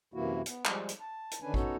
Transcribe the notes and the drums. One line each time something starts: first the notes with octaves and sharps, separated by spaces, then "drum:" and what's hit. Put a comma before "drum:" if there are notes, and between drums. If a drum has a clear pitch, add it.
F#2 C3 E3 A#3 E4 F#4
B3, drum: hi-hat
F3 G3 G#3, drum: clap
drum: hi-hat
A5
drum: hi-hat
D3 D#3 C#4 D4 B4 G#5
B3 C#4 D#4 F#4 A4 C#5, drum: kick A1